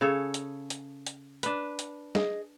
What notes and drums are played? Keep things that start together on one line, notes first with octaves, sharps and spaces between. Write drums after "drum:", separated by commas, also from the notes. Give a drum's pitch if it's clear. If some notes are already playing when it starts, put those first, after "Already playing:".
C#3 C#4 G#4 A4 C#5
drum: hi-hat
drum: hi-hat
drum: hi-hat
D4 B4, drum: hi-hat
drum: hi-hat
G#4 D#5, drum: snare